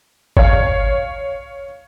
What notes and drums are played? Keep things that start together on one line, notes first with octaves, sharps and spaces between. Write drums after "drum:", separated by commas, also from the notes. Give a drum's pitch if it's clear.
C#5 F5, drum: kick G1